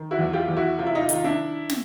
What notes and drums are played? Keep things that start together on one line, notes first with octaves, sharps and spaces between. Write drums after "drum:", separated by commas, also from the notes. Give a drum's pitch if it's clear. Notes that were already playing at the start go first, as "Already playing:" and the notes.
Already playing: D#3
E4 F#4
E2
F4 G4
E2
E4 F#4
C3 F4
E4
D#4 F4
D#3 F4, drum: hi-hat
D4 E4
drum: snare